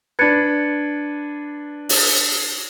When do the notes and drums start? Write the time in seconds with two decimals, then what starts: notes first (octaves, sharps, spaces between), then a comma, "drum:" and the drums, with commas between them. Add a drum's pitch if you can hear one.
0.19 D4 B4 G#6 A6 C#7
1.89 drum: open hi-hat